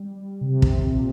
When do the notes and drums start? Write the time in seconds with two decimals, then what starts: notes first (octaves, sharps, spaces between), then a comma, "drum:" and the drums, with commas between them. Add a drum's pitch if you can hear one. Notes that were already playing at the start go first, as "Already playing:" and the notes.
Already playing: G3
0.41 C3
0.62 drum: kick
0.84 A#2